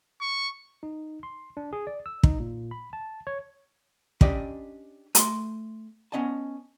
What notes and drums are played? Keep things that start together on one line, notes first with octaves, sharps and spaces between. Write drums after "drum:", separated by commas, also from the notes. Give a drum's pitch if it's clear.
C#6
D#4
C6
D4
G#4
D5
E6
D#4, drum: kick
A#2
B5
A5
C#5
C#4 D4 G4 D5 D#5, drum: kick
A3 C6, drum: hi-hat
B3 C#4 D#5 G#5 A5